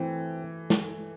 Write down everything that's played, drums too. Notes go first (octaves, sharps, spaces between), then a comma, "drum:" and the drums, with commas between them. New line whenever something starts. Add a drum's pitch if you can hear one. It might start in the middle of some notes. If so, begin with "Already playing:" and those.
Already playing: E3 A3 C4
drum: snare